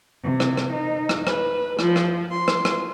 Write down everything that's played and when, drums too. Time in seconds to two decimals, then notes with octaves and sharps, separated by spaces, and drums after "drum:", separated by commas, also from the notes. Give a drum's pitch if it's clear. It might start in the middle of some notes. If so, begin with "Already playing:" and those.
0.23 C3
0.40 drum: rim click
0.57 drum: rim click
0.72 D#4
1.09 drum: rim click
1.27 B4, drum: rim click
1.79 F3, drum: rim click
1.96 drum: rim click
2.30 C6
2.48 drum: rim click
2.65 drum: rim click